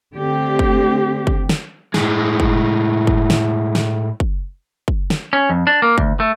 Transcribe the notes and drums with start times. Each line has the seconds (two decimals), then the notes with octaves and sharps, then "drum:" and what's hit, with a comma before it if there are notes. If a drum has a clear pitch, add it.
0.15 D3 A3 C4 G4
0.59 drum: kick
1.27 drum: kick
1.49 drum: snare
1.94 A2 G#3, drum: snare
2.40 drum: kick
3.07 drum: kick
3.30 drum: snare
3.75 drum: snare
4.20 drum: kick
4.88 drum: kick
5.10 drum: snare
5.33 C#4
5.50 F2
5.67 D4
5.82 A#3
5.98 D2, drum: kick
6.20 A3